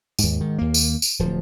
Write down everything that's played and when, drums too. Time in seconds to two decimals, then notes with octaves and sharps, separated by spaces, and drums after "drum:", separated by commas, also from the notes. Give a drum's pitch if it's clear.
0.19 D#2 G#2, drum: tambourine
0.41 G#2 D#3
0.58 D#2 A#3
0.74 drum: tambourine
1.02 drum: tambourine
1.19 D1 F3